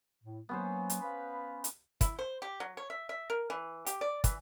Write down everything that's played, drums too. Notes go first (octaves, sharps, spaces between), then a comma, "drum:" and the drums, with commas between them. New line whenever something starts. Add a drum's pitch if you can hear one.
A2
F#3 A#3 B3 C#4 C5
drum: hi-hat
B4 F5 B5
drum: hi-hat
E4, drum: kick, hi-hat
C5
G4
F#3
C#5
E5
E5
A#4
E3
G4, drum: hi-hat
D5
E3, drum: kick, hi-hat